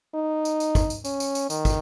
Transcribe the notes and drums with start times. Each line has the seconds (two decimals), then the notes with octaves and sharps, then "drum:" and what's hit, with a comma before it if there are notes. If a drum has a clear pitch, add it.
0.15 D#4
0.45 drum: tambourine
0.60 drum: tambourine
0.75 drum: kick, tambourine
0.90 drum: tambourine
1.05 C#4, drum: tambourine
1.20 drum: tambourine
1.35 drum: tambourine
1.50 D#3, drum: tambourine
1.65 drum: kick, tambourine